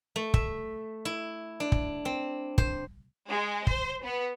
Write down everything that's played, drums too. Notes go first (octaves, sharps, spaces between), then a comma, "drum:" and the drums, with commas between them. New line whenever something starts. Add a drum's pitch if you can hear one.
A3
E5, drum: kick
E4
D4
drum: kick
C4
C5, drum: kick
G#3
C5, drum: kick
B3